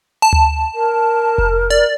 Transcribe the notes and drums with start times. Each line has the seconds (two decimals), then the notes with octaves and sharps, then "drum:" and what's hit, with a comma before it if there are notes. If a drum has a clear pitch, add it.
0.22 A5
0.33 drum: tom D2
0.75 A#4
1.38 drum: kick F1
1.70 D5